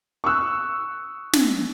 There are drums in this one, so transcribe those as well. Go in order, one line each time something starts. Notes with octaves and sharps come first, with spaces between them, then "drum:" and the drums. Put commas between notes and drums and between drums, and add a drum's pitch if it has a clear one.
C#6 D#6 E6 F#6
drum: snare